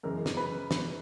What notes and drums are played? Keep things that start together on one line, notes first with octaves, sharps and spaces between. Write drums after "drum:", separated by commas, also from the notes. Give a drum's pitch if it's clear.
F#2 C#3 E3 G#3 A#4
drum: snare
B4
drum: snare